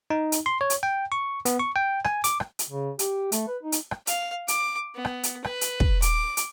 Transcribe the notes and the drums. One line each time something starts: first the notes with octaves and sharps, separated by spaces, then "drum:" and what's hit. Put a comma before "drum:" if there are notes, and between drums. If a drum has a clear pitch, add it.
D#4
drum: hi-hat
C6
C#5
drum: hi-hat
G5
C#6
B3, drum: hi-hat
C#6
G5
G#5, drum: rim click
D6, drum: hi-hat
drum: rim click
drum: hi-hat
C#3
G4, drum: hi-hat
A3, drum: hi-hat
B4
D#4
drum: hi-hat
drum: rim click
F5, drum: hi-hat
D6, drum: hi-hat
B3
drum: rim click
drum: hi-hat
B4, drum: rim click
drum: hi-hat
drum: kick
D6, drum: hi-hat
drum: hi-hat